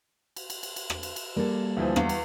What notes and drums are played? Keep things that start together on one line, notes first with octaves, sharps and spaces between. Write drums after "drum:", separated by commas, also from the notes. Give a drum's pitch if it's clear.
drum: cymbal
drum: cymbal
drum: cymbal
drum: cymbal
drum: rim click
drum: cymbal
drum: cymbal
G3 A#3 G#4 A4
D2 E3 F3
E2 F5, drum: rim click
drum: cymbal